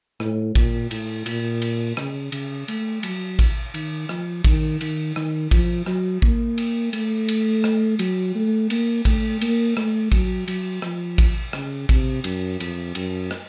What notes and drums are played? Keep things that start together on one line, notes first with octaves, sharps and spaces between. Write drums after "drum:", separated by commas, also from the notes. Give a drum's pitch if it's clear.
A2, drum: rim click
A#2, drum: kick A1, cymbal
A2, drum: cymbal
A#2, drum: cymbal
drum: cymbal
C#3, drum: rim click
C#3, drum: cymbal
A3, drum: cymbal
F#3, drum: cymbal
drum: kick A1, cymbal
D#3, drum: cymbal
F3, drum: rim click
D#3, drum: kick A1, cymbal
D#3, drum: cymbal
D#3, drum: rim click
F3, drum: kick A1, cymbal
F#3, drum: rim click
A#3, drum: kick A1
drum: cymbal
A3, drum: cymbal
drum: cymbal
drum: rim click
F#3, drum: cymbal
A3
A#3, drum: cymbal
A3, drum: kick A1, cymbal
A#3, drum: cymbal
A3, drum: rim click
F#3, drum: kick A1, cymbal
F#3, drum: cymbal
F3, drum: rim click
drum: kick A1, cymbal
C#3, drum: rim click
C3, drum: kick A1, cymbal
F#2, drum: cymbal
F2, drum: cymbal
F#2, drum: cymbal
drum: rim click